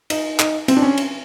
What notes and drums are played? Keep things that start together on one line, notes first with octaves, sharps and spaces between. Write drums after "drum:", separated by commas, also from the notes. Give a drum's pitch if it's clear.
D#4, drum: cymbal
D#4, drum: clap
C4, drum: cymbal
D4
C#4
drum: cymbal